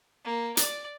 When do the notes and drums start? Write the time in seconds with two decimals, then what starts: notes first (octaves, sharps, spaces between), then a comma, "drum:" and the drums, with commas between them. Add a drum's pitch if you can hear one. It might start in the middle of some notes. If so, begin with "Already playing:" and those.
0.25 A#3
0.57 D5, drum: hi-hat